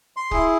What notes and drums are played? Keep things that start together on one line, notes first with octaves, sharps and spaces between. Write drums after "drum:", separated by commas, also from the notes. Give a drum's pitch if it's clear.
C6
E4 G#4, drum: kick C#1